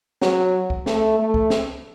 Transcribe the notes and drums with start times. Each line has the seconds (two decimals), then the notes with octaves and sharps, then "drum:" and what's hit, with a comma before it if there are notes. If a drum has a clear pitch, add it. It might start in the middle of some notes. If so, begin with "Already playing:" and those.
0.22 F#3, drum: snare
0.70 drum: kick C2
0.86 A3, drum: snare
1.19 A3
1.34 drum: kick C2
1.50 drum: snare